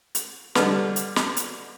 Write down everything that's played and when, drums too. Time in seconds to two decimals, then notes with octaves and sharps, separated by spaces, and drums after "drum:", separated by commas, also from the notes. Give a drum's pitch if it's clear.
0.15 drum: hi-hat
0.55 D3 G3 B4 D#5 A5, drum: snare
0.96 drum: hi-hat
1.16 drum: snare
1.37 drum: hi-hat